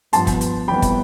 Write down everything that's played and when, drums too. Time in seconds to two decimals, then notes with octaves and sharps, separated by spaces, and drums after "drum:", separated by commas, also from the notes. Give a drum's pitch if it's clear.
0.13 G2 F3 B3 A5 C6, drum: hi-hat
0.27 drum: kick, hi-hat
0.41 drum: hi-hat
0.68 F2 E3 G3 B3 G5 B5
0.82 drum: kick, hi-hat